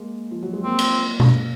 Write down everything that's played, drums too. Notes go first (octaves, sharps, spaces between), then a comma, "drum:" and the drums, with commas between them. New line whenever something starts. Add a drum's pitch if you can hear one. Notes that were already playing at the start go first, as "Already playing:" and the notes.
Already playing: G#3 A#3
F3
F#3
G#3
A#3 C4
drum: cymbal
drum: tom B2